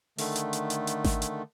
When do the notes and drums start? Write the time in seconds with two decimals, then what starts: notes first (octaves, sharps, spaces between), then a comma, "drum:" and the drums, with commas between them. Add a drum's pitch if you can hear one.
0.18 D3 D#3 A3, drum: open hi-hat
0.36 drum: hi-hat
0.53 drum: hi-hat
0.70 drum: hi-hat
0.87 drum: hi-hat
1.04 drum: snare G#1
1.22 drum: hi-hat